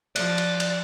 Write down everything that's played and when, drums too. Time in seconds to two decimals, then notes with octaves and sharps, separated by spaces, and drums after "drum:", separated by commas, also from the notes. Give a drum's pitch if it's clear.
0.16 F3 D5 F#6, drum: cymbal
0.38 drum: cymbal
0.60 drum: cymbal